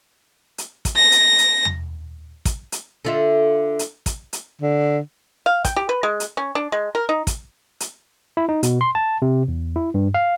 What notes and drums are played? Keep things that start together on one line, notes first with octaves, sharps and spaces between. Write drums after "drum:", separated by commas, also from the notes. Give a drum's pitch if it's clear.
drum: hi-hat
drum: kick, hi-hat
A#6
drum: hi-hat
drum: hi-hat
drum: tom E2
drum: kick, hi-hat
drum: hi-hat
D3 F4 E5
drum: hi-hat
drum: kick, hi-hat
drum: hi-hat
D3
F5
G5, drum: kick, hi-hat
G4
B4
G#3
drum: hi-hat
C#4
D4
G#3
A#4
D#4
drum: kick, hi-hat
drum: hi-hat
E4
D#4
B2, drum: hi-hat
C6
A5
C3
E2
E4
G2
F5